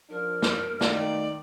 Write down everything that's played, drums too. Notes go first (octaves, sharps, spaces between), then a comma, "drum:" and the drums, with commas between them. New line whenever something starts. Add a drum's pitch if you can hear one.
F3 D4 A#4
drum: snare
D#3 A3 D5 F5 C6, drum: snare